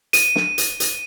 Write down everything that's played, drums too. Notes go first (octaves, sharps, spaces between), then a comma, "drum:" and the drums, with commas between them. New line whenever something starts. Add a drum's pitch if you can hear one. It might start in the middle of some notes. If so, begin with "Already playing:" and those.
D#7, drum: hi-hat
drum: snare
drum: hi-hat
drum: hi-hat